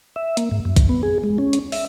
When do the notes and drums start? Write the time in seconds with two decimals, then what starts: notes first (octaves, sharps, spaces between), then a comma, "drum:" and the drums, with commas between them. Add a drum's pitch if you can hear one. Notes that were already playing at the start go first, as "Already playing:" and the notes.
0.16 E5
0.37 A#3, drum: hi-hat
0.51 G#2
0.65 F#2
0.77 drum: kick A#1, hi-hat
0.89 B3
1.03 G#4
1.24 G#3
1.38 C#4
1.53 drum: hi-hat
1.72 E5, drum: open hi-hat